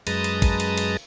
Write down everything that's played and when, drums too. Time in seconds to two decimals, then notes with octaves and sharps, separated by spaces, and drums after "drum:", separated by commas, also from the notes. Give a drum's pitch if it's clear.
0.07 F#2 G#3 B4 A5 A#5 D#6, drum: cymbal
0.24 drum: cymbal
0.42 drum: kick A1, cymbal
0.60 drum: cymbal
0.78 drum: cymbal